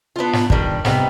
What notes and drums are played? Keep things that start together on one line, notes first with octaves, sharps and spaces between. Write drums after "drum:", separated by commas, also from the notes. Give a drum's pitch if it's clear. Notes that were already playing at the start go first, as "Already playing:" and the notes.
B3 D4 F4
drum: snare
D#3 G3 D4, drum: kick
C3 G3 B3 D#4, drum: snare